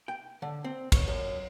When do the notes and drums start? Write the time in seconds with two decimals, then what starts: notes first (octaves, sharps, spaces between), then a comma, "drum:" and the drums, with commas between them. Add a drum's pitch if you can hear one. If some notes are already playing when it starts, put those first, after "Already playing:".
0.08 G5
0.42 D3
0.64 C4
0.92 C#5, drum: kick, cymbal
1.08 F#2